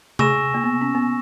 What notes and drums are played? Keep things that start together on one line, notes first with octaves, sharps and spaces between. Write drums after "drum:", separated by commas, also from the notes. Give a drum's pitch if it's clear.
G#4 G#5 C#6 E6 A#6 E7, drum: tom C3
A#3
B3
C#4
B3